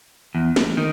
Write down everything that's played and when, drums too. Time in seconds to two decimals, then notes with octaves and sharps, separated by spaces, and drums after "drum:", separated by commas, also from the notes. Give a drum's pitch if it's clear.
0.35 E2
0.56 drum: snare
0.77 D#3